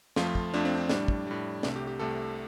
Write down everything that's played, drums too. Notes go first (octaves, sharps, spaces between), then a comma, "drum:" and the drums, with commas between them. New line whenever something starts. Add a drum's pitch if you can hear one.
F2 F3 A3 F4, drum: snare
drum: kick
F2 F3 A3 D4
C4
D4
A2 G3 D4, drum: snare
drum: kick
A2 G3
C2 C3 A3 D4, drum: snare
G4
G4
C2 C3 A3 A4